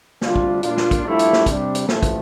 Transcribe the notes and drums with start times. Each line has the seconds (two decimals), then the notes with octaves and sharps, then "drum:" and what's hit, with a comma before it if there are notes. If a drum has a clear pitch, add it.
0.21 D2 C3 G3 D4 F4, drum: snare
0.36 drum: kick
0.63 A#2 G3 D4 F4, drum: hi-hat
0.77 drum: snare
0.91 drum: kick, hi-hat
1.05 G2 F3 A3 E4 G4
1.19 drum: hi-hat
1.33 drum: snare
1.46 C3 G3 D4, drum: kick, hi-hat
1.75 drum: hi-hat
1.88 A1 A2 F3 A3, drum: snare
2.03 drum: kick, hi-hat